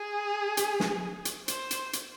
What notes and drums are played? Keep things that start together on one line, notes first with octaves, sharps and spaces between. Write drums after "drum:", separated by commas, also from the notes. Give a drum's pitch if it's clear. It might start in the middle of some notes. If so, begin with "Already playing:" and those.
Already playing: G#4
drum: hi-hat
drum: snare
drum: hi-hat
C5, drum: hi-hat
drum: hi-hat
drum: hi-hat